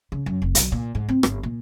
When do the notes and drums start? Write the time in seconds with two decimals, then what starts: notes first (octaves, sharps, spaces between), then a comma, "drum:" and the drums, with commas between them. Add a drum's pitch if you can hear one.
0.12 C#3
0.26 F#2
0.42 F1
0.55 B1, drum: hi-hat
0.72 A#2
0.95 G#2
1.09 C4
1.23 G1, drum: rim click
1.43 A#2